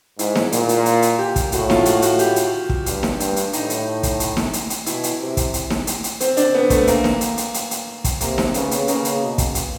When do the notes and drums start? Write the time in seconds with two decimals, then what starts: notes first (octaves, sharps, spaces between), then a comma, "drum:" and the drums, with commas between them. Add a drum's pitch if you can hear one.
0.19 G#2 E4, drum: hi-hat
0.35 drum: snare D#4
0.52 A#2, drum: hi-hat
0.69 drum: hi-hat
0.86 drum: hi-hat
1.02 drum: hi-hat
1.18 G4
1.36 drum: kick, hi-hat
1.52 A2 F#4, drum: hi-hat
1.70 F4, drum: snare D#4
1.85 F#4, drum: hi-hat
2.02 F#4, drum: hi-hat
2.19 G4, drum: hi-hat
2.36 drum: hi-hat
2.69 drum: kick
2.86 G2, drum: hi-hat
3.03 drum: snare D#4
3.20 G2, drum: hi-hat
3.36 drum: hi-hat
3.53 A2 D#4, drum: hi-hat
3.70 drum: hi-hat
4.03 drum: kick, hi-hat
4.20 drum: hi-hat
4.37 drum: snare D#4
4.53 drum: hi-hat
4.70 drum: hi-hat
4.86 B2 E4, drum: hi-hat
5.03 drum: hi-hat
5.20 C3
5.37 drum: kick, hi-hat
5.54 drum: hi-hat
5.70 drum: snare D#4
5.87 drum: hi-hat
6.04 drum: hi-hat
6.20 C4, drum: hi-hat
6.37 D4, drum: hi-hat
6.55 B3
6.70 A3, drum: kick, hi-hat
6.87 A#3, drum: hi-hat
7.04 drum: snare D#4
7.21 drum: hi-hat
7.38 drum: hi-hat
7.54 drum: hi-hat
7.71 drum: hi-hat
8.04 drum: kick, hi-hat
8.21 C3 A#3, drum: hi-hat
8.38 drum: snare D#4
8.54 C#3 B3, drum: hi-hat
8.71 drum: hi-hat
8.88 C#3 A#3, drum: hi-hat
9.05 drum: hi-hat
9.21 B2
9.38 drum: kick, hi-hat
9.55 drum: hi-hat